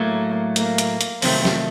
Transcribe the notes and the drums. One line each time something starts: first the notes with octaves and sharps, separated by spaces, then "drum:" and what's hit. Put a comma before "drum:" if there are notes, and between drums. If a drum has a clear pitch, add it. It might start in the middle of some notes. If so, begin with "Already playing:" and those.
Already playing: A2 F#3 A3 A#3
A#3, drum: hi-hat
drum: hi-hat
drum: hi-hat
F2 C3 D#3 F#3 A3 C4, drum: open hi-hat
drum: snare